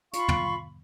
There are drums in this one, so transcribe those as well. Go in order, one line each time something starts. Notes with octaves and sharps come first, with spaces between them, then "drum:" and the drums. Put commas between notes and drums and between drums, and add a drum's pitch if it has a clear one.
F4 F5 B5 C#6, drum: hi-hat
drum: tom